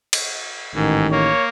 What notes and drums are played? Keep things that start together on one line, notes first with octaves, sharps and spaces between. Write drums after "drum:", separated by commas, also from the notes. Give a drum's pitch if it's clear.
drum: cymbal
A1 G#2 D#3
A#3 C#5